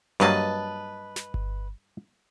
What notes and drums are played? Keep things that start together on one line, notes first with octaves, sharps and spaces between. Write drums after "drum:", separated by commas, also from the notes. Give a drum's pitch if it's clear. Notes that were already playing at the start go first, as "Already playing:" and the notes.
G2 F#3 A#3 B4 D#5 A5
drum: snare
drum: kick G1